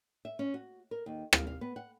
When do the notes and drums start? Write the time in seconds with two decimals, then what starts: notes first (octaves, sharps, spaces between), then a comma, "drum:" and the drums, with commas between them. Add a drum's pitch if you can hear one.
0.25 E5
0.39 C#4
0.54 F#4
0.91 A#4
1.06 D#2
1.33 F5, drum: rim click
1.47 F5
1.61 B3
1.76 F#5